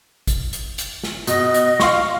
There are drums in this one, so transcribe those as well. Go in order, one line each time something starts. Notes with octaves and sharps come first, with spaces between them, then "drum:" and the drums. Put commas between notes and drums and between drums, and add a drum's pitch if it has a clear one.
drum: kick G#1, hi-hat
drum: hi-hat
drum: hi-hat
drum: snare
B2 D#5, drum: hi-hat
drum: hi-hat
F5 C6 C#6, drum: snare